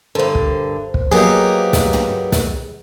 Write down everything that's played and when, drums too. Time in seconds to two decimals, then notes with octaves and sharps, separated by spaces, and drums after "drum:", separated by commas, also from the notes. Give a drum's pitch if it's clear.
0.15 G2 D3 A#4 C5
0.35 drum: kick
0.94 drum: kick
1.11 F#3 A#3 B3 D#4 G4 G#4
1.73 drum: snare
1.93 drum: tom
2.32 drum: snare